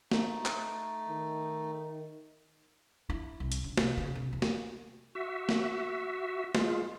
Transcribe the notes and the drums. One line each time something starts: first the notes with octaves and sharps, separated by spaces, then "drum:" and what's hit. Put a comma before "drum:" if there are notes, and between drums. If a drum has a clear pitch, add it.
A3 D#4, drum: snare
drum: clap
D#3
E4
C2
drum: hi-hat
C#3
C3, drum: snare
C#3
C3
E2
drum: snare
F#4 E5
drum: snare
G#3 F4, drum: snare